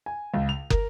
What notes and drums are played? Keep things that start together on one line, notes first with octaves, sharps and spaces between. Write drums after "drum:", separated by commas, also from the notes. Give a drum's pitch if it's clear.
G#5
C#2
F7
A#4, drum: kick